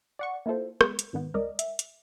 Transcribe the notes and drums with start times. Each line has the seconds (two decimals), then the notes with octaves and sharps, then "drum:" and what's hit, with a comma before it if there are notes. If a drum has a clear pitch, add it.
0.19 D5 F#5 C#6
0.46 A#3 E4 F4 A4 C5
0.81 G#3 B3, drum: rim click
0.99 drum: hi-hat
1.13 G#2 B2 D#3 B3
1.34 C#2 A#4 D5 D#5
1.59 E5, drum: hi-hat
1.79 drum: hi-hat